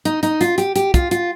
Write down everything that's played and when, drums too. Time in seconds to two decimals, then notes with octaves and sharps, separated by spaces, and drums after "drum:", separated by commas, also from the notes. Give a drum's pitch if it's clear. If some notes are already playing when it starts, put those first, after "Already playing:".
0.05 D#4, drum: hi-hat
0.23 D#4, drum: hi-hat
0.41 F4, drum: hi-hat
0.58 G4, drum: hi-hat
0.76 G4, drum: hi-hat
0.94 F4, drum: kick, hi-hat
1.11 F4, drum: hi-hat